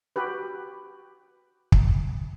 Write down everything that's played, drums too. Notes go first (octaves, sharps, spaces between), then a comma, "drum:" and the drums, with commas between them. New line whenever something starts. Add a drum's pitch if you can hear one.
F#4 G4 B4
drum: kick